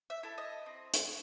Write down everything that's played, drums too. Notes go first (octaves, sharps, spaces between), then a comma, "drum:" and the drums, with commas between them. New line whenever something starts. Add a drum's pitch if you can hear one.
E5
E4 A4
D#5
C4
drum: hi-hat